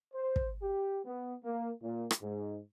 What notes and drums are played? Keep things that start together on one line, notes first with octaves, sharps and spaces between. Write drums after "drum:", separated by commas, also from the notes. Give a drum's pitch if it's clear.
C5
drum: kick
G4
B3
A#3
A#2
drum: rim click
G#2